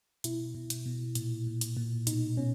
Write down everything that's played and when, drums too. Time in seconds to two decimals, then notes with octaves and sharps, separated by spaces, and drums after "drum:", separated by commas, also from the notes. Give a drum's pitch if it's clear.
0.24 B2 E4, drum: hi-hat
0.55 B2
0.70 drum: hi-hat
0.86 B2
1.15 A#2, drum: hi-hat
1.47 A#2
1.61 drum: hi-hat
1.77 A#2
2.07 B2 D#4, drum: hi-hat
2.37 B2 C#4